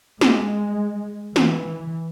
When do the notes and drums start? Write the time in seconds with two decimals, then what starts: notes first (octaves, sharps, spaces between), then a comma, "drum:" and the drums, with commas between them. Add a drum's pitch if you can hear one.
0.21 G#3, drum: snare
1.36 E3, drum: snare